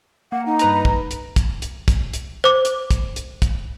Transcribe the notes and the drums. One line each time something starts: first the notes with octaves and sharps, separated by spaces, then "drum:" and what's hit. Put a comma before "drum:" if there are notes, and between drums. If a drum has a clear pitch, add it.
A#3 F#5
D#4
G2 B4 A#5, drum: hi-hat
drum: kick
drum: hi-hat
drum: kick, hi-hat
drum: hi-hat
drum: kick, hi-hat
drum: hi-hat
C5 D6
drum: hi-hat
drum: kick, hi-hat
drum: hi-hat
drum: kick, hi-hat